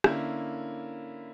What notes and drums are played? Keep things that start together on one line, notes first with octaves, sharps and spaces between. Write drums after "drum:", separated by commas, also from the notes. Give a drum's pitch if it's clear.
D3 A#3 C#4 E4, drum: rim click